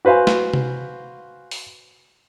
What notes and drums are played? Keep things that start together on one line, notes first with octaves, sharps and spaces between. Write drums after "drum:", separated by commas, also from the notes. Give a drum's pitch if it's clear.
F#4 B4 C5 F5 G#5
drum: snare
drum: tom C3
drum: open hi-hat